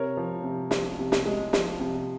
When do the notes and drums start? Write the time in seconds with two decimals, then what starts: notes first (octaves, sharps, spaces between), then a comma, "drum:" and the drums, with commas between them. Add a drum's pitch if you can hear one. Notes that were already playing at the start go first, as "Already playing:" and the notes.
Already playing: C3 A#4 C#5
0.17 F3
0.44 C3
0.71 F3, drum: snare
0.99 C3
1.12 drum: snare
1.26 G#3
1.53 F3, drum: snare
1.80 C3